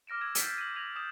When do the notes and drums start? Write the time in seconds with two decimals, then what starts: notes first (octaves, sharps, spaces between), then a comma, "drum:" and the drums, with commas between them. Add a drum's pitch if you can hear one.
0.07 D6 F6 A#6 D7 E7
0.21 E6 F6 G#6 E7
0.35 G6 A6 B6 C7 D7 D#7, drum: hi-hat
0.58 D#7 F#7
0.75 G#6 A#6 B6 D#7 F7 F#7
0.96 D#6 G6 E7